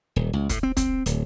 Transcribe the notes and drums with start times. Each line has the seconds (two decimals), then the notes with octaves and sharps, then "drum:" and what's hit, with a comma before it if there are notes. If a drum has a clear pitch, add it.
0.16 D#1
0.33 C#2
0.49 A2, drum: kick, hi-hat
0.63 C4
0.77 C4, drum: kick, hi-hat
1.06 D1, drum: hi-hat